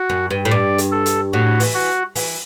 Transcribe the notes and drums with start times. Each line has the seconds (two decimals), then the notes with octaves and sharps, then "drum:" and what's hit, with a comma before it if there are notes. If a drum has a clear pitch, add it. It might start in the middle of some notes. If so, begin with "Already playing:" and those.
Already playing: F#4
0.10 F#2
0.31 G2
0.45 A2
0.51 G2 D5
0.78 drum: hi-hat
0.92 A4
1.06 drum: hi-hat
1.33 A2 F#4
1.60 E3, drum: open hi-hat
1.74 F#4
2.15 E3, drum: open hi-hat